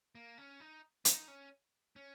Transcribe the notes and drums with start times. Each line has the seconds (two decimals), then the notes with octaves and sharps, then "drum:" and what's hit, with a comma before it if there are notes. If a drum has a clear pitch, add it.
0.15 A#3
0.38 C#4
0.60 D#4
1.05 D#4, drum: hi-hat
1.28 C#4
1.96 C#4